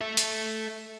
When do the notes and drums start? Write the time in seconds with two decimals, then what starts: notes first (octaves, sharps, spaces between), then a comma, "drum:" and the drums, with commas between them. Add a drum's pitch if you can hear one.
0.01 A4 E5
0.17 drum: hi-hat